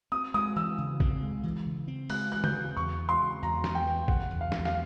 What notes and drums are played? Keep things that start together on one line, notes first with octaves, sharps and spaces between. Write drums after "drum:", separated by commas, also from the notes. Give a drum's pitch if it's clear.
C4 D#6
G#3 D#6
E3 E6
C#3
C4, drum: kick
G#3
E3
C#3
C4
G#3 F#6, drum: open hi-hat
E3 F#6
G6, drum: tom C#3
C#3
E2 C#6
E3
C6
C#3
E2 A#5
E2, drum: snare
G5
E3
C#3 F#5, drum: kick
E2
F5
E2, drum: snare
F5, drum: snare